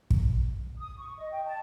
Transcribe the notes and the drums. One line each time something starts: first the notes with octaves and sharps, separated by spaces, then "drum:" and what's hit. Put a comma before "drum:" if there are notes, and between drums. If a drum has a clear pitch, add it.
drum: kick
D#6
C#6
D#5
G5
A5